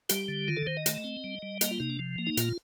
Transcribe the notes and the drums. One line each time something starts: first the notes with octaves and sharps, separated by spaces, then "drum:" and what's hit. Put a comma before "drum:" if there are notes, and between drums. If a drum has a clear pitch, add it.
G3 G4, drum: hi-hat
D3
D#3 F4
A4
D#3 C5
D#5
A3, drum: hi-hat
C4
G3
G3
A#3 D#5, drum: hi-hat
F4
C3 D#4
D4
F3
A#3
D#4
A#2 F4, drum: hi-hat